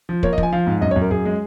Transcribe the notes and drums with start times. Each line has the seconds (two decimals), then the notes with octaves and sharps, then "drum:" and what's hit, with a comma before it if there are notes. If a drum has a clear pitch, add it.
0.09 F3
0.23 A#3 C#5, drum: kick
0.33 D#5
0.38 F3, drum: kick
0.43 G#5
0.53 F3 F5
0.67 G#2
0.81 F#2 D#5
0.91 C#5
0.96 F#2
1.02 A#4
1.10 F#2 G#4
1.25 G#3